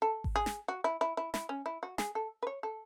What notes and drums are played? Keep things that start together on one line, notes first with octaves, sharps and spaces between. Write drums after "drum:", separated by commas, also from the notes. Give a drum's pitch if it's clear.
A4
drum: kick G#1
G#4
drum: snare
F#4
E4
E4
E4
E4, drum: snare
C#4
E4
F#4
G#4, drum: snare
A4
B4
C#5
A4